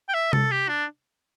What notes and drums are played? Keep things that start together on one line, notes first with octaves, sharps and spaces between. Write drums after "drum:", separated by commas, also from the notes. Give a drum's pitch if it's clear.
G5
E5
A4, drum: tom C3
G4
D4